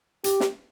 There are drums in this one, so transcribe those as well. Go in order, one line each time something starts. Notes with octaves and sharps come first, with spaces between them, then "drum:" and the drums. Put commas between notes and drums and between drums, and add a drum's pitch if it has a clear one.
G4, drum: hi-hat
drum: snare